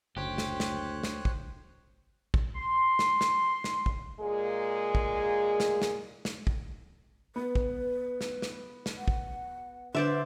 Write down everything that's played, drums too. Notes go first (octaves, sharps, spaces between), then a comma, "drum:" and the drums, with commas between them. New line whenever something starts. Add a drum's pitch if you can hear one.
F#1 D2 G4 C5 C#5 F#6
drum: snare
drum: snare
drum: snare
drum: kick
drum: kick
C6
drum: snare
drum: snare
drum: snare
drum: kick
A#2 G#3 A#3 G#4
drum: kick
drum: snare
drum: snare
drum: snare
drum: kick
B3 B4
drum: kick
drum: snare
drum: snare
drum: snare
F#5
drum: kick
D3 B4 C5 D5 E5